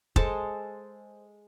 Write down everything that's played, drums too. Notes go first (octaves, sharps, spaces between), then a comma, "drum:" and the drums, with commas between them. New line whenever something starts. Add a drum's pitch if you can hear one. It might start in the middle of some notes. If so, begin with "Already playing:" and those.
G#3 A4 C5 A5, drum: kick